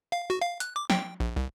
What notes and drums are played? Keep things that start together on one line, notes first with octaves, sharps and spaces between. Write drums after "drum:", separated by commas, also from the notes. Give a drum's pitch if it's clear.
F5
F#4
F5
F#6, drum: hi-hat
D6
G5, drum: snare
A#1
C2